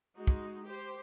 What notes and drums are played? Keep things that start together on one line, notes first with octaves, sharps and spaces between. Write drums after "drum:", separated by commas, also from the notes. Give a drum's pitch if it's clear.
G#3 D#4 F#4
drum: kick
G4 C5